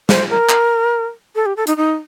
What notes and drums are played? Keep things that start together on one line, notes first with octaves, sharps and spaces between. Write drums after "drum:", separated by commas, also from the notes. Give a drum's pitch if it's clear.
C5, drum: snare
A#4
drum: clap
A4
G4
A4
D#4, drum: hi-hat
D#4